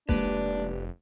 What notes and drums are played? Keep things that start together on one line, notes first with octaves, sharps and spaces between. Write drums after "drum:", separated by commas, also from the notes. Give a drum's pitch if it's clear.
F1 G#3 A#3 D4 G4 B4 D5, drum: kick